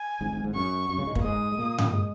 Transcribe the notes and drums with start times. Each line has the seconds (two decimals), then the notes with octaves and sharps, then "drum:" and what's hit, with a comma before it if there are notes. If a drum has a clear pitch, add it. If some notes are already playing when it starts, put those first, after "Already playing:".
Already playing: G#5
0.21 G#1 G#2
0.33 G#1 G#2
0.44 G#1 G#2
0.55 F#2 C#6
0.89 F#2
0.98 C#2 C#3
1.07 G#2 G#3
1.15 A#2 A#3, drum: kick
1.23 G#2 G#3 D#6
1.52 G#3
1.58 A#2 A#3
1.78 drum: tom G2
1.93 G#3